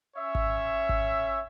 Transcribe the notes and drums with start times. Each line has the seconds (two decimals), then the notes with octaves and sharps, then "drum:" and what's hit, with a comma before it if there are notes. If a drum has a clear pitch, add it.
0.17 C#4 C#5 E5
0.35 drum: kick G#1
0.89 drum: kick G#1